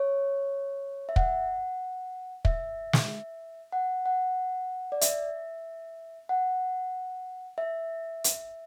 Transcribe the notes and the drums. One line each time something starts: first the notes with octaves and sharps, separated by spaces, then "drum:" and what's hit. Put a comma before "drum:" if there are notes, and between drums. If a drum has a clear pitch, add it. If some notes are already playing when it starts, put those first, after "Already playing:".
Already playing: C#5
E5
F#5, drum: kick
E5, drum: kick
drum: snare
F#5
F#5
D5
E5, drum: hi-hat
F#5
E5
drum: hi-hat